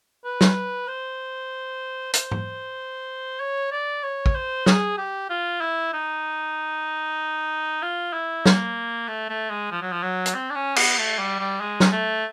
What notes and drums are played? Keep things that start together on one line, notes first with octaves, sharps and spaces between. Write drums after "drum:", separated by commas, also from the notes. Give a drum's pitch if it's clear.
B4
drum: snare
C5
C5, drum: hi-hat
drum: tom G#2
C#5
D5
C#5
drum: kick
C5
G#4, drum: snare
G4
F4
E4
D#4
F4
E4
A#3, drum: snare
A3
A3
G#3
F3
F#3
F3
F#3
drum: hi-hat
C4
D4
C#4
B3, drum: cymbal
A3
G3
G3
G#3
drum: snare
A3